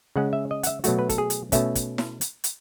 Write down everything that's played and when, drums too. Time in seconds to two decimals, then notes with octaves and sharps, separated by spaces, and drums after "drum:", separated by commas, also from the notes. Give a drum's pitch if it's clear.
0.16 C#3 G#3 C#4 F#5
0.33 E5
0.51 D#5
0.63 F#5, drum: hi-hat
0.67 E5
0.84 B2 F#3 A3 F#4, drum: hi-hat
0.99 B4
1.09 A4, drum: kick, hi-hat
1.18 G#4
1.30 drum: hi-hat
1.52 B2 A3 C#4 E5, drum: kick, hi-hat
1.75 drum: kick, hi-hat
1.98 drum: snare E4
2.21 drum: hi-hat
2.44 drum: hi-hat